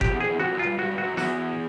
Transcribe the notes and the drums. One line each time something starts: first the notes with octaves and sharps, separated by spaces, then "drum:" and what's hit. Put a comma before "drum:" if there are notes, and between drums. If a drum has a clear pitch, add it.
F2 G4, drum: kick G1
E2
F2 G#4
E2
F2 F#4
F#2
F4
G2
G2 F#4
G2
F#4
F#2
E2 F#4, drum: snare